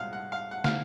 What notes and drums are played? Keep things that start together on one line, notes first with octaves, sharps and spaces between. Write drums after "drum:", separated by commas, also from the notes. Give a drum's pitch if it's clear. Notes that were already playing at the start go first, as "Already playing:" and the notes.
Already playing: C2 A#2 G#3 F5 F#5
F#5
F5
F#5
F5, drum: snare